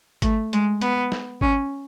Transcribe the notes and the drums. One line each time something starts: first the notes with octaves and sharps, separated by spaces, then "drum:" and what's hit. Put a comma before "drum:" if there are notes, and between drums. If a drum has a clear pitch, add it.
A3, drum: kick G#1, hi-hat
G#3, drum: hi-hat
B3, drum: hi-hat
drum: snare
C#4, drum: kick G#1